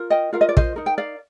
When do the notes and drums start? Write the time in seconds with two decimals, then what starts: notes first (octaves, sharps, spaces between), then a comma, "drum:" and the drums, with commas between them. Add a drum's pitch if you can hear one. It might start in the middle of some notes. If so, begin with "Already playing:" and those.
Already playing: F4 A#4
0.10 D#5 G5
0.33 F4 A#4 F5
0.41 D#5
0.49 D5
0.57 C5 D#5, drum: kick
0.76 D#4 A#4
0.86 G5
0.98 D5 F5